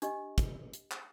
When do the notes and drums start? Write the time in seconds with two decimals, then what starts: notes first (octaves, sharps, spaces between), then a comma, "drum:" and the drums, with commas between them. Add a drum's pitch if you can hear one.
0.02 D4 G4 D#5, drum: hi-hat
0.38 drum: kick, hi-hat
0.74 drum: hi-hat
0.91 drum: clap